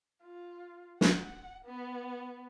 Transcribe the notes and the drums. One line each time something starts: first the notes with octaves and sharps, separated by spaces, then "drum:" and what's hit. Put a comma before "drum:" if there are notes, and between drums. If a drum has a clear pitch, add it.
F4
F#5, drum: snare
B3